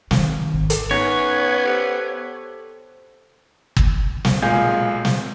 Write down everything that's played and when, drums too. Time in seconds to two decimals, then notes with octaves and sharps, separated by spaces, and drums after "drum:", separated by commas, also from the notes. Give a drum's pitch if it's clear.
0.11 D#3, drum: snare
0.53 G#1
0.70 drum: hi-hat
0.91 B3 C#4 D#4 B4 C#5
1.64 G4 A4 C5
3.76 drum: kick
4.25 drum: snare
4.42 B1 A#2 G#3 F5 G#5 G6
5.05 drum: snare